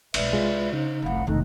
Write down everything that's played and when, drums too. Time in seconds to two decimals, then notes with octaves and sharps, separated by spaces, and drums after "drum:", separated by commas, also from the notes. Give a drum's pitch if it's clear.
0.14 B1 G#3 B4 D5 E5, drum: cymbal
0.32 C2 G#3 D4 F4
0.73 C#3 D#4 C5
1.02 F1 C2 F5 F#5 B5
1.27 E1 C3 D#3 A3 D#4 A4 F#6